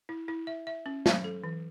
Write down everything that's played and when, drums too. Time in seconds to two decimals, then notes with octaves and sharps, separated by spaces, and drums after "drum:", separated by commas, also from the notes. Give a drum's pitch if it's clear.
0.09 E4
0.28 E4
0.47 E5
0.67 E5
0.86 C#4
1.06 F#3, drum: snare
1.24 A4
1.44 E3